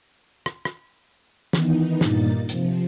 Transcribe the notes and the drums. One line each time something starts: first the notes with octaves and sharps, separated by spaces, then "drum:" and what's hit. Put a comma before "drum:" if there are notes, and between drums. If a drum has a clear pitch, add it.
drum: rim click
drum: rim click
D#3 E3 B3 D#4, drum: snare
G2 A#2 A#3 D#4 A6, drum: snare
C3 F3, drum: hi-hat